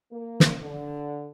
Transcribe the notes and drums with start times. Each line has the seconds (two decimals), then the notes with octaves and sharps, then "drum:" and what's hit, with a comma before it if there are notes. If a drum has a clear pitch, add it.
0.11 A#3
0.40 drum: snare
0.62 D3